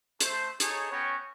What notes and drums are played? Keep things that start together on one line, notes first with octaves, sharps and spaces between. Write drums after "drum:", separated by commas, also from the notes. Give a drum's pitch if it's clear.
A3 C5, drum: hi-hat
D#4 G#4 A4 C#5, drum: hi-hat
B3 C#4 F#4 C#5 G5